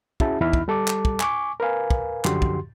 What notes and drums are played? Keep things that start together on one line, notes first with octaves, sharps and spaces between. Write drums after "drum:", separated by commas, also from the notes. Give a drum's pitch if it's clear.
C#4 E4 F#4 G#4 E5 A5, drum: kick
E2 D#4 E4 B5 F6
drum: kick
G3 A4 A5 D6
drum: clap
drum: kick
G#5 C#6 D6, drum: clap
A#4 B4 F5 G#5
drum: kick
F#2 D3 F3 F#4 G4 C6, drum: clap
drum: kick